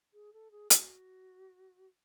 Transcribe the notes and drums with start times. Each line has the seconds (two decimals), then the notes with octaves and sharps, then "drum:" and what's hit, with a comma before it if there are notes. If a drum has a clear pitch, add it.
0.13 G#4
0.33 A4
0.51 G#4
0.70 F#4, drum: hi-hat